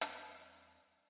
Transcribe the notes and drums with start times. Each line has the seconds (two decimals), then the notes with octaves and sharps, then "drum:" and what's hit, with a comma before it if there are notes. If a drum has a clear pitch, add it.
0.01 E2 G3 C4 D5, drum: hi-hat